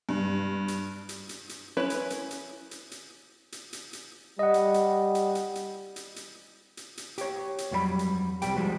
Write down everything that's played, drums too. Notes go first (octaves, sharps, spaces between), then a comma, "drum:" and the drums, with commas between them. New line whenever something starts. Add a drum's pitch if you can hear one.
G2
drum: hi-hat
drum: hi-hat
drum: hi-hat
drum: hi-hat
C#4 E4 B4 C#5
drum: hi-hat
drum: hi-hat
drum: hi-hat
drum: hi-hat
drum: hi-hat
drum: hi-hat
drum: hi-hat
drum: hi-hat
G3 D#5 F#5
drum: hi-hat
drum: hi-hat
drum: hi-hat
drum: hi-hat
drum: hi-hat
drum: hi-hat
drum: hi-hat
drum: hi-hat
drum: hi-hat
G4 C#5, drum: hi-hat
drum: hi-hat
F2 F#3 G3 C#5 B5
drum: hi-hat
C2 B2 G3 G4 G5, drum: hi-hat
F3 G3 G#3 F#4